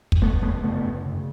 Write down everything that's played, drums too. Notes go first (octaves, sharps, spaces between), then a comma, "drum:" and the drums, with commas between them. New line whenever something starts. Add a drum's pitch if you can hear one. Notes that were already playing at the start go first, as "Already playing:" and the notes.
drum: kick
C#3 A3 B3
F#2 A3 B3
C#3 A3 B3
F#2
C#3